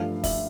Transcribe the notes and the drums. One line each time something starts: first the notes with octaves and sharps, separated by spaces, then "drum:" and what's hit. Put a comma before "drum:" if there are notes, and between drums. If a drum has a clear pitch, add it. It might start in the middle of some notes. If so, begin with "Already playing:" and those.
Already playing: G2 F3 A3 F5
E5, drum: kick, open hi-hat